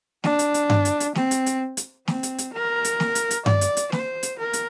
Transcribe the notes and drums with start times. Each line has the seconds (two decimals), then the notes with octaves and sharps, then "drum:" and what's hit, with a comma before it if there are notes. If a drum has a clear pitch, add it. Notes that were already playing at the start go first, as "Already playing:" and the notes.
0.24 D4, drum: snare
0.39 drum: hi-hat
0.54 drum: hi-hat
0.70 drum: tom G2
0.85 drum: hi-hat
1.00 drum: hi-hat
1.15 C4, drum: snare
1.31 drum: hi-hat
1.46 drum: hi-hat
1.77 drum: hi-hat
2.08 C4, drum: snare
2.23 drum: hi-hat
2.38 drum: hi-hat
2.54 A#4
2.85 drum: hi-hat
3.00 drum: snare
3.15 drum: hi-hat
3.31 drum: hi-hat
3.46 D5, drum: tom G2
3.61 drum: hi-hat
3.77 drum: hi-hat
3.92 C5, drum: snare
4.23 drum: hi-hat
4.39 A#4
4.53 drum: hi-hat